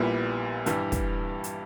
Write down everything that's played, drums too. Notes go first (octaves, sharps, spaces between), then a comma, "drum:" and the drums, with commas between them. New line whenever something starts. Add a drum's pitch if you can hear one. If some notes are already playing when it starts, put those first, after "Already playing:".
Already playing: A#1 A#2 G3 B3 E4
G2 E3 G3, drum: hi-hat
drum: kick, hi-hat
drum: hi-hat